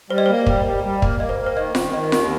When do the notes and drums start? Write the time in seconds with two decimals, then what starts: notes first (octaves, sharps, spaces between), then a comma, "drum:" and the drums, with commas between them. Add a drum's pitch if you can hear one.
0.10 G3 C5
0.18 D#5
0.26 A#3 C5
0.46 G3, drum: kick
0.66 G3
0.84 G3
1.02 A#3, drum: kick
1.20 A#3 D#5
1.29 C5
1.39 A#3
1.47 C5
1.56 D#3 D#5
1.75 D#3, drum: snare F4
1.93 D#3 D#5
2.12 D#2, drum: snare F4